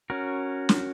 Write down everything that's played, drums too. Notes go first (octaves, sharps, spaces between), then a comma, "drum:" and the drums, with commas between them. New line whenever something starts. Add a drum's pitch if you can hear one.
C#4 F#4 A#4
drum: snare